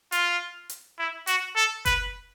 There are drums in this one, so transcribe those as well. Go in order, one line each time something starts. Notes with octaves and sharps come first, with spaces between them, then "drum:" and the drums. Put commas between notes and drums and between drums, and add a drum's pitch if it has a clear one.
F4, drum: hi-hat
drum: hi-hat
E4
F#4, drum: hi-hat
A4
B4, drum: kick F#1, hi-hat